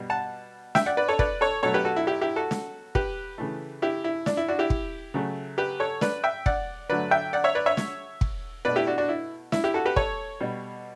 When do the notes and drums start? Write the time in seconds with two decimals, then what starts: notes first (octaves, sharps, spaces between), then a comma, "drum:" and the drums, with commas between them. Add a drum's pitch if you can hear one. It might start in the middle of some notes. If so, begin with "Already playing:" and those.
Already playing: B2 G3
0.10 F#5 A5
0.75 E5 G5, drum: snare
0.86 D5 F#5
0.97 B4 D5
1.08 A4 C#5
1.19 B4 D5, drum: kick
1.41 A4 C#5
1.63 B2 F#3 A3 A4 C#5
1.74 G4 B4
1.85 F#4 A4
1.96 E4
2.07 E4 G4
2.21 E4 G4
2.36 F#4 A4
2.51 drum: snare
2.95 G4 B4, drum: kick
3.38 C#3 E3 A3
3.82 E4 G4
4.04 E4
4.26 D4, drum: snare
4.37 E4
4.48 D4 F#4
4.59 E4 G4
4.70 drum: kick
5.14 C#3 F#3 A3
5.58 G4 B4
5.80 A4 C#5
6.01 B4 D5, drum: snare
6.24 E5 G5
6.46 D5 F#5, drum: kick
6.89 D3 F#3 A3 B4 D5
7.11 E5 G5
7.33 D5 F#5
7.44 C#5 E5
7.55 B4 D5
7.66 C#5 E5
7.77 drum: snare
8.21 drum: kick
8.65 B2 A3 B4 D5
8.76 E4 G4
8.87 D4 F#4
8.98 D4 F#4
9.09 E4
9.52 E4, drum: snare
9.64 E4 G4
9.74 F#4 A4
9.86 G4 B4
9.96 A4 C#5, drum: kick
10.40 B2 G3